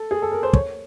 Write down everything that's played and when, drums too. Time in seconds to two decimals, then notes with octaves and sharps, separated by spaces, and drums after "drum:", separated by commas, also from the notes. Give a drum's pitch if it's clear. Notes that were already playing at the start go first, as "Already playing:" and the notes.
Already playing: A4
0.11 G#4
0.22 A4
0.32 A#4
0.43 C5
0.53 C#5, drum: kick